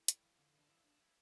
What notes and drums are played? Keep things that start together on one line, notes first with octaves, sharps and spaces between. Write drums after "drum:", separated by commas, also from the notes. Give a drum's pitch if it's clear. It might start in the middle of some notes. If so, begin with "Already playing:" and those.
Already playing: A3 E4
G3, drum: hi-hat
F3
D3
E3 D4
F3 E4
D4
E4